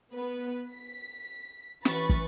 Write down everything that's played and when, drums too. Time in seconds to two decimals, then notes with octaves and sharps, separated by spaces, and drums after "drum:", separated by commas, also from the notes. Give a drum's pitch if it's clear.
0.14 B3 B4
0.72 B6
1.85 E3 C#4 B4 B5 C#6 A6, drum: snare
2.09 drum: kick